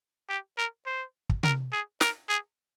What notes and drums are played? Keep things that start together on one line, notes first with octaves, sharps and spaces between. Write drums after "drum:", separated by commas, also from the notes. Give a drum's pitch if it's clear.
G4
A#4
C5
drum: kick
A#4, drum: tom C3
G#4
A#4, drum: snare
G#4